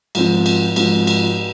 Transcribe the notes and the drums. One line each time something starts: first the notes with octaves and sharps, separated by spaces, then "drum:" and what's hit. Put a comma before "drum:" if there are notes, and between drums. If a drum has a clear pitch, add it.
G#2 F3 C4, drum: cymbal
drum: cymbal
G#2 F3 C4, drum: cymbal
drum: cymbal